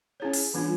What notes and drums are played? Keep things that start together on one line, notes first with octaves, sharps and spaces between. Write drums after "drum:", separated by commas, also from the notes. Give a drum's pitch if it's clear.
C#4 E4 G#4 C#5
drum: open hi-hat
E3 G3 B3 D4 F4